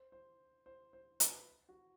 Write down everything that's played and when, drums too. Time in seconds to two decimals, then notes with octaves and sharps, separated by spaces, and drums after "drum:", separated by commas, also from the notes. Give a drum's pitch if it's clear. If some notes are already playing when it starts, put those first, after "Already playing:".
Already playing: C5
0.12 C5
0.66 C5
0.93 C5
1.20 B4, drum: hi-hat
1.69 F#4